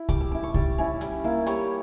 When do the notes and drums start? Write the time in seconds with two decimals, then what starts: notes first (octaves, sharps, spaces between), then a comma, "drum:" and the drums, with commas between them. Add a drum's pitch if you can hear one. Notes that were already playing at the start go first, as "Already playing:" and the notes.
Already playing: E4
0.09 G3 D6, drum: kick C2, hi-hat
0.21 E6
0.31 C#4 E4 D6
0.43 C#6
0.54 G3 D5, drum: kick C2
0.78 C#4 E4
1.01 G3, drum: hi-hat
1.24 A#3 E4
1.47 G3 C#5, drum: hi-hat